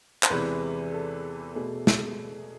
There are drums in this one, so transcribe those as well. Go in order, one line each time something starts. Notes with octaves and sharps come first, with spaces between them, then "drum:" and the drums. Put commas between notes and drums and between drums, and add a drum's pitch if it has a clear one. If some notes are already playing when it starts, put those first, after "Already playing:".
C5, drum: clap
E2 C3 E3 G#3 B4
A4
B2 A3 G#4
G#4, drum: snare